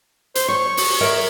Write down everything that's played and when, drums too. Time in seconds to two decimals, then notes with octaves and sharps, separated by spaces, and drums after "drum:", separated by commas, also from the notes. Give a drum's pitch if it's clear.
0.35 C5, drum: hi-hat
0.48 C#5 C#6
0.77 drum: open hi-hat
1.01 A#4 C#5 E5